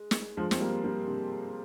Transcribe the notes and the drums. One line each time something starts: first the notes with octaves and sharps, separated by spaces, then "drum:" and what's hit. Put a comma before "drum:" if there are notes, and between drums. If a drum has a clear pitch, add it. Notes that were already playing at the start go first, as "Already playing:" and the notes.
Already playing: G#3
drum: snare
F3 G#3
C4, drum: snare
G3 A#3
G3 A#3
C3